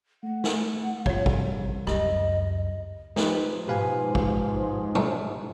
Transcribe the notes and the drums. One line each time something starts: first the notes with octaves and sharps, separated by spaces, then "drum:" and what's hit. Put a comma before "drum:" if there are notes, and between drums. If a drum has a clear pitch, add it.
A3 F#5
drum: snare
C2 F4 C#5, drum: kick
drum: kick
C#2 F#2 G4 D#5, drum: rim click
F3 D#4 G4 B4, drum: snare
G#2 B2 G4 B4 F5 G#5
drum: kick
drum: tom